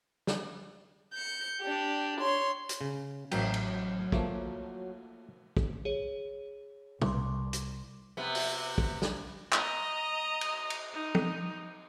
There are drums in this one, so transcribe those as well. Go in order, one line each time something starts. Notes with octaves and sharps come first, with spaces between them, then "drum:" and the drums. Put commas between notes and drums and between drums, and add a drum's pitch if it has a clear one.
drum: snare
G6 C#7
D4 G4
C#5 C6
drum: hi-hat
C#3
A1 F#3 A#4 G5, drum: cymbal
drum: cymbal
F3 A3 A#3, drum: kick
drum: kick
G#4 C#5
C2 C6 D6, drum: tom
drum: hi-hat
C3 B3
drum: open hi-hat
drum: kick
drum: snare
D#5 A#5, drum: clap
drum: cymbal
drum: cymbal
D#4
drum: tom